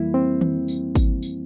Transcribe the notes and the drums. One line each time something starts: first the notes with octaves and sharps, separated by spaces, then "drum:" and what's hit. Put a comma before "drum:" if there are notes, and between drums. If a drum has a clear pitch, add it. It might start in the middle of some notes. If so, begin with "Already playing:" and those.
Already playing: F2 E3 G3 A#3 E4
C4
drum: tom D#3
drum: tambourine
drum: kick G#1, tambourine
drum: tambourine